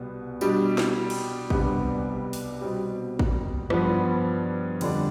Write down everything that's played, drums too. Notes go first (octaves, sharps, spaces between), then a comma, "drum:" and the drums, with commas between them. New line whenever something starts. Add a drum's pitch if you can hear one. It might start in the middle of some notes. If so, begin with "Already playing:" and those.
Already playing: C2 B2 B3
B2 G3 D4 G4, drum: tambourine
drum: snare
drum: cymbal
C2 C3 G3 B3 D4, drum: kick
drum: open hi-hat
B2 G3 C4
drum: kick
G2 F3 B3, drum: rim click
F2 D3 G3 D4, drum: cymbal